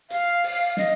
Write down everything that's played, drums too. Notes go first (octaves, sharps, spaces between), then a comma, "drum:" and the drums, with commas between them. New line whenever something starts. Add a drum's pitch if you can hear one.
F5, drum: hi-hat
drum: open hi-hat
D#5, drum: snare